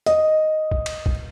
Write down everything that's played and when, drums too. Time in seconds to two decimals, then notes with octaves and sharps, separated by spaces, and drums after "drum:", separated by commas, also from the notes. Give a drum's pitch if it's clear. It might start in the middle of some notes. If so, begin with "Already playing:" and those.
0.06 D#5, drum: hi-hat
0.71 drum: kick
0.86 drum: cymbal
1.06 drum: kick